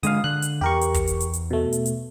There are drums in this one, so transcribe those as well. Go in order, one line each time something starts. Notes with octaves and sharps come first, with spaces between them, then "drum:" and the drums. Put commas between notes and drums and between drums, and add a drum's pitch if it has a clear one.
D3 G#3 F5 D#6, drum: hi-hat
D3 F#6
drum: hi-hat
E2 G4 A#4 C#6
drum: hi-hat
drum: kick, hi-hat
drum: hi-hat
drum: hi-hat
drum: hi-hat
B2 A3
drum: hi-hat
drum: hi-hat